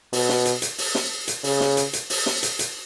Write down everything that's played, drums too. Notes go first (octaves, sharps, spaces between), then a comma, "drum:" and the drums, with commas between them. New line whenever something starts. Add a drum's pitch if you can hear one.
B2, drum: open hi-hat
drum: snare
drum: hi-hat
drum: hi-hat
drum: open hi-hat
drum: snare
drum: hi-hat
C#3, drum: open hi-hat
drum: snare
drum: hi-hat
drum: hi-hat
drum: open hi-hat
drum: snare
drum: hi-hat
drum: hi-hat